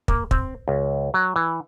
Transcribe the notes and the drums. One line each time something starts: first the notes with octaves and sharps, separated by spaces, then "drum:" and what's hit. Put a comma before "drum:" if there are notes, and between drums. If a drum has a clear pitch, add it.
A#3, drum: kick
C4, drum: kick
C#2
F#3
E3